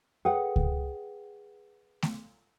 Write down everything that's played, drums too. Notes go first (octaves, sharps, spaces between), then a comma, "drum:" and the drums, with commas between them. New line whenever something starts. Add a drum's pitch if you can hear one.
G#4 A4 B4 F#5 G5
drum: kick C#2
drum: snare A3